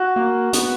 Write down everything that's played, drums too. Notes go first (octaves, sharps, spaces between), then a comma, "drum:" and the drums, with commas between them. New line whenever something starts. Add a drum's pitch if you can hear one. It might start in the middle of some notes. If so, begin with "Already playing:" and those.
Already playing: F#4
A#3
B3, drum: hi-hat